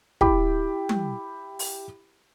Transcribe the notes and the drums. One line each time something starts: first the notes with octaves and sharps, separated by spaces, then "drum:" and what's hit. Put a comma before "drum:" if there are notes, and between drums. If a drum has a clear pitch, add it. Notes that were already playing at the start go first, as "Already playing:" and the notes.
E4 G4 G5 B5 D6, drum: kick
drum: tom
drum: open hi-hat